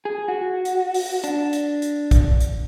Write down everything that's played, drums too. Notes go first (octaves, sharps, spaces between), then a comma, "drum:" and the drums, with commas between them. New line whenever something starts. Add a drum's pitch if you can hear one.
G#4
F#4
drum: hi-hat
drum: open hi-hat
D4, drum: hi-hat
drum: hi-hat
drum: hi-hat
drum: kick A#1, hi-hat
drum: hi-hat